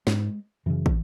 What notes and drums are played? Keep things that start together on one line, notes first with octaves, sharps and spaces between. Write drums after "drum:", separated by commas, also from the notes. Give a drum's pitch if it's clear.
G#2 G#3, drum: snare
F#2 C#3 E3
drum: kick